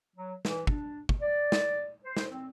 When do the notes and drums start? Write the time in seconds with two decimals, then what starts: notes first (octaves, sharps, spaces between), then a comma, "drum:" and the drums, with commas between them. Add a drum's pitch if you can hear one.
0.15 F#3
0.45 E3, drum: snare
0.67 D4, drum: kick
1.09 drum: kick
1.21 D5
1.52 drum: snare
2.04 C5
2.17 drum: snare
2.30 C4